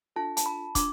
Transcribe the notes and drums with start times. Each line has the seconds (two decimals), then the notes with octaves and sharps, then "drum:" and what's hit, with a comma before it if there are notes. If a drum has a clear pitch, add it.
0.16 D4 F4 A4 A5
0.37 A5, drum: hi-hat
0.46 B5
0.75 D4 F4 D6, drum: kick, hi-hat